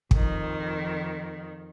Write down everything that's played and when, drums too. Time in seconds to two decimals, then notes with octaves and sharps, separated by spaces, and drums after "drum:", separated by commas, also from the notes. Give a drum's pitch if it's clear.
0.11 F2 D#3, drum: kick